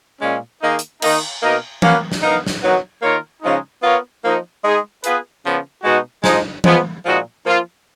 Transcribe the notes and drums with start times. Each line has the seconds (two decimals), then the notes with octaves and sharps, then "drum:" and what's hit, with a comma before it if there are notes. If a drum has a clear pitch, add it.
0.21 A#2 G#3 C#4
0.62 D#3 A#3 D#4 G#4 D#5
0.79 drum: hi-hat
1.02 D#3 A#3 D#4, drum: cymbal
1.42 B2 A#3 D#4 A#4 D#5
1.82 A#3 C#4 F#4 B4 F5, drum: tom E3
2.12 drum: snare
2.22 B3 D#4 A#4 F5
2.46 drum: snare
2.63 F#3 B3 D#4 F#4 A#4
3.02 D#3 A#3 F4 A#4 C#5
3.43 C#3 F3 G#3 D#4
3.82 B3 F4 A#4 C#5 F5
4.23 F3 A#3 D#4
4.64 G#3 D#4 G#4
5.04 B3 F4 G#4 B4, drum: hi-hat
5.43 C#3 F3 B3
5.84 B2 G#3 D#4 F#4
6.24 F3 G#3 D#4, drum: snare
6.64 F3 G#3 B3 F4, drum: tom E3
7.05 A#2 F3 G#3 D#4 F#4
7.45 F3 A#3 F4